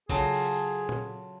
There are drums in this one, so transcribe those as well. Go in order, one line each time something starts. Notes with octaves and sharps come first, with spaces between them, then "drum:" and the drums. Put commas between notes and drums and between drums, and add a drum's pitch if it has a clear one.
C#3 F#3 F4 G#4 A4, drum: kick
drum: cymbal
drum: tom A#2